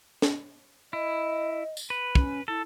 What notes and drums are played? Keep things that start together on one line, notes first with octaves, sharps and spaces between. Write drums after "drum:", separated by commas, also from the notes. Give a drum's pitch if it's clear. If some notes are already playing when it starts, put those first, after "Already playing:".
drum: snare
E4 D#5
drum: tambourine
B4
C#4, drum: kick
E4 A4